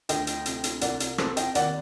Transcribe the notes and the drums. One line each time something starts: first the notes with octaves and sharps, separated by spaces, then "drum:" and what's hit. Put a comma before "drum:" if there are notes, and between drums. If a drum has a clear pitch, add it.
D2 D#5 G5, drum: hi-hat
drum: hi-hat
C3, drum: hi-hat
drum: hi-hat
C2 D5 F#5, drum: hi-hat
drum: hi-hat
C3 A4 C5, drum: rim click
D#5 G5, drum: hi-hat
D#2 D5 F#5, drum: hi-hat